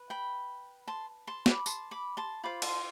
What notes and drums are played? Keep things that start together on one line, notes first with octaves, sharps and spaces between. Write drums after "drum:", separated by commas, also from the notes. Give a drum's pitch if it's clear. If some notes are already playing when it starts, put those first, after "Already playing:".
Already playing: B4
G5 B5
A5 C6
A5 C6
B5 D6, drum: snare
A5 C6, drum: tambourine
B5 D6
A5 C6
F4 C5 B5 D6
A5 C6, drum: cymbal